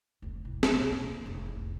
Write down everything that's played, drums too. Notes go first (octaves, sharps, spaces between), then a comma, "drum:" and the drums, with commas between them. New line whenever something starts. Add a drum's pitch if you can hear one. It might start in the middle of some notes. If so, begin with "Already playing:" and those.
F1 D2
C2 G#2
drum: snare
B1 A#2
A#1 C4
F1 A#1
C2